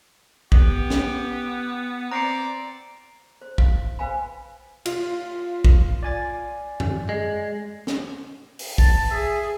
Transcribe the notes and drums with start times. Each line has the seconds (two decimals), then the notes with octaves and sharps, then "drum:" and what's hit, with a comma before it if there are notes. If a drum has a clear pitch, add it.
0.52 B3 G4, drum: kick
0.90 drum: snare
2.11 C4 D5 A#5 C7 C#7
3.42 C5
3.58 F5, drum: kick
3.99 B4 C5 F5 G5 G#5 B5
4.85 F4, drum: cymbal
5.64 drum: kick
6.03 D5 G#5 A6
6.80 drum: tom F#2
7.09 G#3
7.87 drum: snare
8.59 drum: open hi-hat
8.78 A5, drum: kick
9.11 G#4 E5